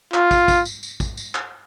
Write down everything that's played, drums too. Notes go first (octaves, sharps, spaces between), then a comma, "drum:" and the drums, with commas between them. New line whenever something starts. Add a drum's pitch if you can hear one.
F4, drum: clap
drum: kick, tambourine
drum: kick, tambourine
drum: tambourine
drum: tambourine
drum: kick, tambourine
drum: tambourine
drum: clap